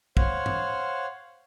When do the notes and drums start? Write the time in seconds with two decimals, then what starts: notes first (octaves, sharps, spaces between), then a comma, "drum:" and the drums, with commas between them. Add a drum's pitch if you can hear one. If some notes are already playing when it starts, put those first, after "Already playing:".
0.17 C5 C#5 F5 F#5, drum: kick
0.46 drum: tom G#2